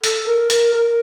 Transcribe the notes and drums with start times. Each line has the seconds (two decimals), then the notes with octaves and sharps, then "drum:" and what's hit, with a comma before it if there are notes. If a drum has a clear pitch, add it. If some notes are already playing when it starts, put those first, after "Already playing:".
0.04 A4, drum: hi-hat
0.27 A#4
0.50 A#4, drum: hi-hat
0.73 A#4